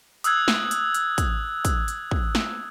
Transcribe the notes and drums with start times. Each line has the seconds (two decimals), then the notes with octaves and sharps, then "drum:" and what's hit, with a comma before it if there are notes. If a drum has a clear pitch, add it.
0.24 D#6 E6 F#6 G#6, drum: hi-hat
0.48 drum: snare
0.71 drum: hi-hat
0.94 drum: hi-hat
1.18 drum: kick, hi-hat
1.65 drum: kick, hi-hat
1.88 drum: hi-hat
2.11 drum: kick
2.35 drum: snare